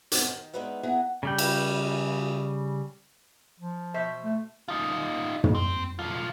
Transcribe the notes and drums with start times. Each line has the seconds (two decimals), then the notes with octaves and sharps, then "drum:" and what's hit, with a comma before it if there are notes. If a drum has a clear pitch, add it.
0.12 G2 B3 C4 D#4 G#5, drum: hi-hat
0.29 D#3
0.53 G#3 B3 D4 D#4 B4 E5
0.83 B3 E4 G#4 F#5 A#5
1.23 C#3 G3 G5
1.38 drum: cymbal
3.60 F3
3.94 B2 C5 E5
4.24 A3
4.68 D#4 F4
5.44 drum: tom
5.55 C4
5.99 B1 F4